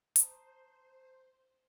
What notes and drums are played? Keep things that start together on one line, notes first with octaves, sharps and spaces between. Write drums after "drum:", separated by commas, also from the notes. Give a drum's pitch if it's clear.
C5 A5 A#5 D#6, drum: hi-hat